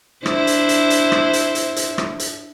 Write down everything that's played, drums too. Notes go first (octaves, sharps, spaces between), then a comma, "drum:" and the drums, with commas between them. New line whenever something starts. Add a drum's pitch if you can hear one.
D4 E4 C5, drum: rim click
drum: hi-hat
drum: hi-hat
drum: hi-hat
drum: rim click
drum: hi-hat
drum: hi-hat
drum: hi-hat
drum: rim click
drum: hi-hat